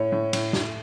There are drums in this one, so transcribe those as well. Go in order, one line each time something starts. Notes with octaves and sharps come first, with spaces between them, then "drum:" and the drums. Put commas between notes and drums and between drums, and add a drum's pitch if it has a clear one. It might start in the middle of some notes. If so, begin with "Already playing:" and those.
Already playing: A2 C#5
A2
A2, drum: cymbal
A2, drum: snare